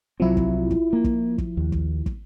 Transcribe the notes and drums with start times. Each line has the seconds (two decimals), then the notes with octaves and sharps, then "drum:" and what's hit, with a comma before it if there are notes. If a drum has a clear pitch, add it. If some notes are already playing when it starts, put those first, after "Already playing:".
0.20 C2 F3 F#3 C4 E4
0.37 drum: kick
0.71 drum: kick
0.93 A#3
1.04 drum: kick
1.38 drum: kick
1.57 D#2
1.72 drum: kick
2.06 drum: kick